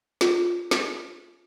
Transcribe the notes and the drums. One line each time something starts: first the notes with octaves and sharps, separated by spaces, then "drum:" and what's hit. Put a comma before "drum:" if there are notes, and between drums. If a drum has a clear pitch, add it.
F4, drum: snare
drum: snare